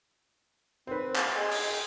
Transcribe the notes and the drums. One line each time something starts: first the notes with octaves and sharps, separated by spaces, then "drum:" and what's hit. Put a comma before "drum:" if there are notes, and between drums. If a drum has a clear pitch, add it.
C4 B4 C5
drum: clap
G#4 D#5 G5 G#5 C6
drum: open hi-hat